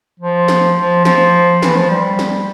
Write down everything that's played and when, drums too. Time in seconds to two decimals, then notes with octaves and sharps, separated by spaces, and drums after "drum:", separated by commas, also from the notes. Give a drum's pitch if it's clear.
0.20 F3
0.48 drum: snare
0.77 F3
1.05 F3, drum: snare
1.62 E3, drum: snare
1.77 F3
1.90 G3
2.19 drum: snare